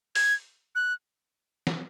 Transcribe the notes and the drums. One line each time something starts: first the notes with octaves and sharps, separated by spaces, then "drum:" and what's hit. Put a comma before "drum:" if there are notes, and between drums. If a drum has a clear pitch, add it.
G#6, drum: open hi-hat
F#6
drum: snare